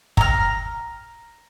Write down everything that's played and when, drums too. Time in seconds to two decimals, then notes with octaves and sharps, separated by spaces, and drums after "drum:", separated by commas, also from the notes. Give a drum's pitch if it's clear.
0.17 A#5 F6, drum: kick